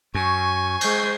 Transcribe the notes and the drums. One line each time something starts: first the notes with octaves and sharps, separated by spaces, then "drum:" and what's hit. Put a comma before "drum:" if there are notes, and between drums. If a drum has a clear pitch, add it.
F#2 G#5 C#6
G#3 C5, drum: cymbal